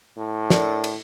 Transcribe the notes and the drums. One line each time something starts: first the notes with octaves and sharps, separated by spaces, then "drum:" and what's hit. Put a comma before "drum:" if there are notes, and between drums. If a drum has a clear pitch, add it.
A2
D4 A4 A#4, drum: snare
drum: cymbal